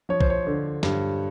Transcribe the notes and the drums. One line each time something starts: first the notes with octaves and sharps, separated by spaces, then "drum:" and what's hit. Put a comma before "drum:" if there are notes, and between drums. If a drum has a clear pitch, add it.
F3 C#5
C5, drum: kick B1
C#5
D3
G2, drum: snare